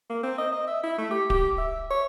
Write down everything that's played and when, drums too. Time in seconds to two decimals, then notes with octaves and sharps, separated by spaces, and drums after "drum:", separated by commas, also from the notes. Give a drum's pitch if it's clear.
0.10 A#3
0.23 C4
0.38 D#5
0.52 D#5
0.68 E5
0.83 E4
0.98 A3
1.11 G4
1.30 G4, drum: kick D1
1.58 E5
1.91 C#5